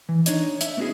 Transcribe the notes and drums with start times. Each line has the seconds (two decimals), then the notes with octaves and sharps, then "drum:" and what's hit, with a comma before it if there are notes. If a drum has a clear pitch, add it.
0.09 E3
0.26 D4 D#4 C#5 D#5, drum: hi-hat
0.61 E5, drum: hi-hat
0.77 A3 B3 C#4 E4 F#4 G#4